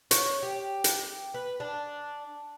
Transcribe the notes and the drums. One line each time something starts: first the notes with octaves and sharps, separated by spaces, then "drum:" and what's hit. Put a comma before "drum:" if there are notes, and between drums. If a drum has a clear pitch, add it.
C#5, drum: hi-hat
G4
drum: hi-hat
B4
D4